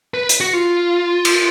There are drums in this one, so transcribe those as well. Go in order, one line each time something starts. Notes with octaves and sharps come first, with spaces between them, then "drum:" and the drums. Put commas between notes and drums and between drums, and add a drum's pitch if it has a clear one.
B4
drum: hi-hat
F#4
F4
drum: cymbal